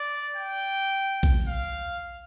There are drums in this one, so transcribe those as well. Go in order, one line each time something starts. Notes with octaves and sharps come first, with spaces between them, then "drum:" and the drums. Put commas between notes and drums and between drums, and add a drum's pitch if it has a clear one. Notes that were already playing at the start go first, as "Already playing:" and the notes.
Already playing: D5
G5
drum: kick A#1
F5